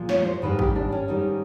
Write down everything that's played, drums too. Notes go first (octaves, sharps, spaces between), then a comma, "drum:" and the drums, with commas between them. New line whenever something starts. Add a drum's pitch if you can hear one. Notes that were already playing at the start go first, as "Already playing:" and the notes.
Already playing: A#2 F3 G#3
C#5, drum: snare
C5
G#2 D#3 G3 B4
G4, drum: kick G#1
D4
C#4
G#2 D#3 G3